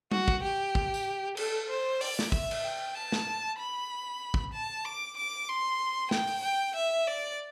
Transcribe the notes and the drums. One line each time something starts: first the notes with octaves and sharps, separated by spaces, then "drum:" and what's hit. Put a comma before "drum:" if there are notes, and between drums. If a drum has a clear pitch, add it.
F#4, drum: tom G3
drum: kick
G4
drum: kick
drum: tambourine
A4, drum: cymbal
C5
D5, drum: open hi-hat
drum: snare
E5, drum: kick
drum: cymbal
G5
A5
drum: snare
B5
drum: kick
A5
D6
D6
C6
G5, drum: snare
drum: open hi-hat
G5
E5
D5